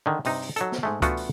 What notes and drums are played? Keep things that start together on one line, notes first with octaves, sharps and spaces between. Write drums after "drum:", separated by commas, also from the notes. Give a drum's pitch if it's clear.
D3 D#3 D#4
G2 C3 D#4, drum: open hi-hat
drum: open hi-hat
F#3 D#4 A4, drum: hi-hat
drum: snare
G#2 G#3 A3
E3 A3 B3 D4 F4 F#4, drum: kick C#2, hi-hat
drum: open hi-hat